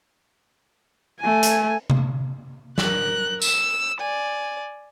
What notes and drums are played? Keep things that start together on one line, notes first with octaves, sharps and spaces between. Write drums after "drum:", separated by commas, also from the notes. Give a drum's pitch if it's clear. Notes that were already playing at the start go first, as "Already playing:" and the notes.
A3 G#5
drum: hi-hat
drum: tom C3
A#4 F#6, drum: snare
E6, drum: tambourine
D5 G#5